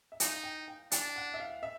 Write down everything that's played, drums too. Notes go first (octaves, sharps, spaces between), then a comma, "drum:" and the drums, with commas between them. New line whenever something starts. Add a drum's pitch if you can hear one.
E5
D#4 F5, drum: hi-hat
G5
G5
D4 G5, drum: hi-hat
F#5
E5
F5
E5